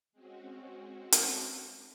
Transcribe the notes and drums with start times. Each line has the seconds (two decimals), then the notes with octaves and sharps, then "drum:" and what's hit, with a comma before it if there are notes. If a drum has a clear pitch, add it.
0.12 G#3 C4 C#4 F#4
1.12 drum: hi-hat